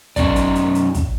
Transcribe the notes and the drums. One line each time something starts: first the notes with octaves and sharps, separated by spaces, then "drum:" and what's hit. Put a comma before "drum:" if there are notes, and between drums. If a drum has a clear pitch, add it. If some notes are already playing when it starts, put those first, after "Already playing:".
F#2 C#4 D#4 D5, drum: kick, hi-hat
drum: hi-hat
drum: hi-hat
drum: hi-hat
drum: kick, hi-hat